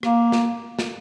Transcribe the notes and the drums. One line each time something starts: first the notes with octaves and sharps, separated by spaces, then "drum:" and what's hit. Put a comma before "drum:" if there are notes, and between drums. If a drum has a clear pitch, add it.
A#3, drum: rim click
drum: snare
drum: snare